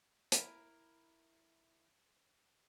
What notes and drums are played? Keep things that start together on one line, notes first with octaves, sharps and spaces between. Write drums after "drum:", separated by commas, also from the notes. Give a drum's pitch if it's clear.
E4 A#4, drum: hi-hat